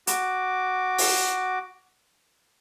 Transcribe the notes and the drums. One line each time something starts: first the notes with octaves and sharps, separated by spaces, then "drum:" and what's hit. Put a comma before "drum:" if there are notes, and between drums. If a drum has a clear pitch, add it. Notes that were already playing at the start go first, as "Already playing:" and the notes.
F#4 D6, drum: hi-hat
drum: open hi-hat